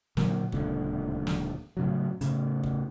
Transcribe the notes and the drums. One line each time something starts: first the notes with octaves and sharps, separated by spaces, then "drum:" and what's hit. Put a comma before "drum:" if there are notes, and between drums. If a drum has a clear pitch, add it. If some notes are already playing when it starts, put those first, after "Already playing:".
A#2 D3 F#3 A#3, drum: snare
D1 C#2 A#2 D3, drum: kick
drum: snare
A2 C#3 F#3
A2 C#3, drum: hi-hat
drum: kick